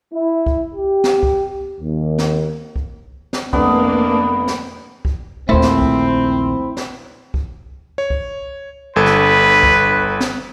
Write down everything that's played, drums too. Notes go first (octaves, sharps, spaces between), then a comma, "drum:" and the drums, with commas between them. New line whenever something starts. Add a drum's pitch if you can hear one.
E4
drum: kick C#2
G4
drum: snare
drum: kick C#2
D#2
drum: snare
drum: kick C#2
drum: snare
F1 A#3 B3 D4, drum: kick C#2
drum: snare
drum: kick C#2
A#1 D#2 A3 C4 E4 C5
drum: snare
drum: kick C#2
drum: snare
drum: kick C#2
C#5
drum: kick C#2
G1 A4 B4 G#6
drum: snare
drum: kick C#2
drum: snare